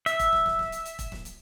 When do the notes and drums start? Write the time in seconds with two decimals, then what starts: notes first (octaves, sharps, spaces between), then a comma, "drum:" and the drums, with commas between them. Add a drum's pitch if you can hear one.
0.06 E5, drum: hi-hat
0.19 drum: kick E1, hi-hat
0.33 drum: snare
0.46 drum: snare
0.59 drum: snare
0.72 drum: hi-hat
0.85 drum: hi-hat
0.99 drum: kick E1, hi-hat
1.12 drum: snare
1.25 drum: hi-hat